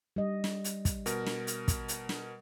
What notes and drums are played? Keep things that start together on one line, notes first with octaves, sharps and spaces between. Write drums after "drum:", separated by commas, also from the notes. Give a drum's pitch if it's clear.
G3 D#5
drum: snare
drum: hi-hat
drum: kick, hi-hat
B2 A#4, drum: hi-hat
drum: snare
drum: hi-hat
drum: kick, hi-hat
drum: hi-hat
drum: snare